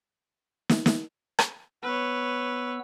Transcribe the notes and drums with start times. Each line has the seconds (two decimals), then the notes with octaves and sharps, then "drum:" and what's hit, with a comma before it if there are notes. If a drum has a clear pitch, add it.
0.69 drum: snare
0.86 drum: snare
1.39 drum: rim click
1.84 B3 B4 C#5 E6